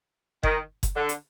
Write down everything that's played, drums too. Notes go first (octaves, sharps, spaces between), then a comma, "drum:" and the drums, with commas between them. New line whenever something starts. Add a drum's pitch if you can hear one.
D#3, drum: kick F#1
drum: kick F#1, hi-hat
D3
drum: hi-hat